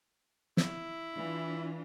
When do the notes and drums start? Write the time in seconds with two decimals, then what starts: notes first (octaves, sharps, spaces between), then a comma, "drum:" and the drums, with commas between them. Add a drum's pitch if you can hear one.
0.57 E4, drum: snare
1.13 E3 D4 F4